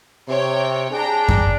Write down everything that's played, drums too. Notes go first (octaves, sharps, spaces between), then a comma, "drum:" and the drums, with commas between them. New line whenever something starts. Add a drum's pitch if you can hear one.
C3 C#5 G5
D4 G#4 G5 A#5
drum: kick F#2